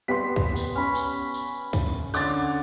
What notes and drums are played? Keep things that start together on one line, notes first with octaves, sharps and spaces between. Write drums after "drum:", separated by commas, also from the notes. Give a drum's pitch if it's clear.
G3 B3 G4 C6 B6
drum: kick
drum: tambourine
C#4 B5
drum: tambourine
drum: tambourine
drum: kick, tambourine
D3 C#4 C6 D6 F#6 A6, drum: tambourine